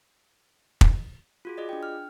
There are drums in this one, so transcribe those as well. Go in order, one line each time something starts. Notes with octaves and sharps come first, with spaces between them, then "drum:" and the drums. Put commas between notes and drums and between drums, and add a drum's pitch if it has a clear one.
drum: kick
F4 F#4 G#4
F4 G#4 D5 D#5
D4 G5
F6